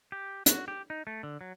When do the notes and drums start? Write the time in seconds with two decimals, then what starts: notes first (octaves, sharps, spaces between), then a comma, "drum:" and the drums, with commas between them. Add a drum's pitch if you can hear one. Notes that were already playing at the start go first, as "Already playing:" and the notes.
0.12 G4
0.46 F#4, drum: hi-hat
0.68 G4
0.90 D#4
1.07 A3
1.23 D3
1.41 F#3